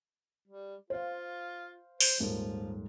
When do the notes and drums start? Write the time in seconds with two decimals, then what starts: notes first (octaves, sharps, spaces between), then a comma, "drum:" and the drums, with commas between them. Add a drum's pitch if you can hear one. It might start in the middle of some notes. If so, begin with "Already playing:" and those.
0.48 G3
0.90 F4 C5 F5
2.01 C5, drum: open hi-hat
2.20 D#1 G#2 F3 A#4